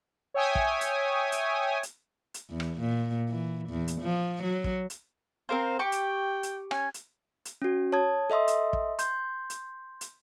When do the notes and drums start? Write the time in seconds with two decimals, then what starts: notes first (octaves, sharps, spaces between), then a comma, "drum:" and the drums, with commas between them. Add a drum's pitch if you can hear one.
0.34 C#5 E5 G5 G#5 D#6
0.55 drum: kick
0.81 drum: hi-hat
1.32 drum: hi-hat
1.83 drum: hi-hat
2.34 drum: hi-hat
2.50 E2
2.60 drum: rim click
2.80 A#2
3.29 E3
3.69 E2
3.88 drum: hi-hat
4.01 F3
4.43 F#3
4.64 drum: kick
4.90 drum: hi-hat
5.49 C4 A#4 C5 F5
5.79 G4 G5 C#6
5.92 drum: hi-hat
6.43 drum: hi-hat
6.71 C#4 G#5, drum: rim click
6.94 drum: hi-hat
7.45 drum: hi-hat
7.62 C#4 F#4
7.92 C#5 A5 D#6 G#6
8.30 A4 D#5 E5 C6 D#6
8.48 drum: hi-hat
8.73 drum: kick
8.99 C6 G6, drum: hi-hat
9.50 drum: hi-hat
10.01 drum: hi-hat